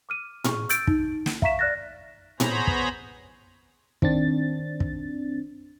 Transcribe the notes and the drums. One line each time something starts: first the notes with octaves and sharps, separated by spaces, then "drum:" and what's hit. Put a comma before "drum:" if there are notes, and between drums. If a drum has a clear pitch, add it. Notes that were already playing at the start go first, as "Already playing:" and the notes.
D6 F6 D#7
G#4 C#6 F6, drum: tom A2
E6 G6 A6 D7, drum: hi-hat
D#4, drum: kick
drum: snare
E5 F5 A#5 C#6 B6 E7, drum: kick
D5 F6 F#6 A6 A#6
B3 G#4 C5 C#5 A#5 B5, drum: tom A2
drum: kick
D#3 C4 D4 A6, drum: kick
drum: kick